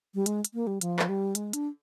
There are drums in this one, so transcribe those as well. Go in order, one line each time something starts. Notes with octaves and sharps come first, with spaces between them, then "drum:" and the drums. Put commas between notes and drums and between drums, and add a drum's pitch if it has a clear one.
G3
G#3, drum: hi-hat
drum: hi-hat
A#3
G3
F3, drum: hi-hat
drum: clap
G3
G#3, drum: hi-hat
D4, drum: hi-hat